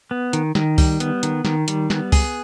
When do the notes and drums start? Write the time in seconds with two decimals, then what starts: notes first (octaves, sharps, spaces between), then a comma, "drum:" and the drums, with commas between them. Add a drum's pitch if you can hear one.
0.11 B3
0.33 D#3, drum: hi-hat
0.55 D#3, drum: snare
0.78 G3, drum: kick C#2, open hi-hat
1.00 B3, drum: hi-hat
1.23 D#3, drum: hi-hat
1.45 D#3, drum: snare
1.68 G3, drum: hi-hat
1.90 B3, drum: snare
2.12 G#4, drum: kick C#2, open hi-hat